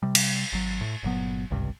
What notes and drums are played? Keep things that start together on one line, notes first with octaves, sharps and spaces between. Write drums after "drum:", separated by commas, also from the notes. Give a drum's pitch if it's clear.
C3 G3
drum: cymbal
G#1 F#3
A2
G1 A#2 F#3 B3
G#1 C#2 G2 C3